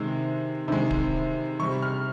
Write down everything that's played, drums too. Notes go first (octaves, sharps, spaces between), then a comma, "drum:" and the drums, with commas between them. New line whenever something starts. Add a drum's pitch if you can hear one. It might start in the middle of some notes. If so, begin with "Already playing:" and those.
Already playing: C3 D#3 G#3
C3 D#3 G#3
drum: kick
C3 G3 C#6
F6